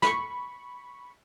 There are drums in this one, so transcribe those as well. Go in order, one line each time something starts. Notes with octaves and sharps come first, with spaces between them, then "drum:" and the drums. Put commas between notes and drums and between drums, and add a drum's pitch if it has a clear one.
B5 C#6, drum: snare